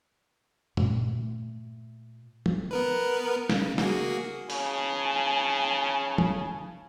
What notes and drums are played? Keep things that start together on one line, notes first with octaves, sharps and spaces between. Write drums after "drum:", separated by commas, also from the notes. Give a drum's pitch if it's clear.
A#2 A3, drum: tom
drum: tom
B3 A#4 B4
C#3, drum: snare
A#3 F#4 G#4, drum: snare
C#3 G#5 A5, drum: open hi-hat
drum: tom